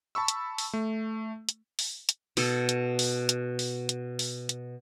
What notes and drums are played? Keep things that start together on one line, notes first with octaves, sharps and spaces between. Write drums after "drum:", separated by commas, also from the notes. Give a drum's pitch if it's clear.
A5 B5 C#6 E6
drum: hi-hat
drum: open hi-hat
A3
drum: hi-hat
drum: open hi-hat
drum: hi-hat
B2 A4, drum: open hi-hat
drum: hi-hat
drum: open hi-hat
drum: hi-hat
drum: open hi-hat
drum: hi-hat
drum: open hi-hat
drum: hi-hat